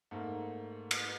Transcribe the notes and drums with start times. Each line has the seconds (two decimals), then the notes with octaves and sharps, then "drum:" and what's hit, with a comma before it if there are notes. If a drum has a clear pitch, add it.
0.11 G#2 A3 A#3
0.91 drum: cymbal